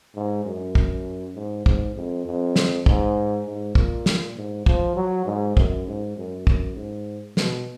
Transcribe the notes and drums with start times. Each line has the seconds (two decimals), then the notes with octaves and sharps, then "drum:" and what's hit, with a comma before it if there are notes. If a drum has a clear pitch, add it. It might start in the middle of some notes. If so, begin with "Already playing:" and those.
0.15 G#2
0.45 F#2
0.75 drum: kick
1.35 G#2
1.66 G#2, drum: kick
1.96 F2
2.26 F2
2.56 drum: snare
2.86 G#2, drum: kick
3.46 G#2
3.75 A#2, drum: kick
4.06 drum: snare
4.36 G#2
4.66 F3, drum: kick
4.96 F#3
5.26 G#2
5.57 F#2, drum: kick
5.87 G#2
6.17 F#2
6.47 F#2, drum: kick
6.76 G#2
7.37 B2, drum: snare